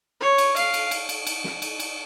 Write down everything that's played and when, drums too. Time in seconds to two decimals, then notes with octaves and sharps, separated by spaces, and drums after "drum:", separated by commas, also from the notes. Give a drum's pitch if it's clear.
0.21 C#5
0.38 drum: cymbal
0.56 F5, drum: cymbal
0.74 drum: cymbal
0.91 drum: cymbal
1.09 drum: cymbal
1.27 drum: cymbal
1.44 drum: snare
1.62 drum: cymbal
1.80 drum: cymbal